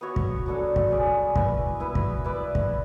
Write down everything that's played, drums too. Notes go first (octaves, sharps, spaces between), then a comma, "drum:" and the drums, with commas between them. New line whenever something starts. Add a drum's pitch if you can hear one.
B3 F#4 C#5 E5
drum: kick
F#3 B3 D4 A4
drum: kick
C#4 G#4 D5
E4 B4 E5, drum: kick
B3 E4 B4
drum: kick
E4 B4 D5
drum: kick